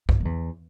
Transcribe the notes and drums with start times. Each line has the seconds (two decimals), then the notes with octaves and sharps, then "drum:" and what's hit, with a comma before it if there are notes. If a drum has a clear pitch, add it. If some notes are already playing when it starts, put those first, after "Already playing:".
0.09 G2, drum: kick B1
0.20 G2
0.25 E2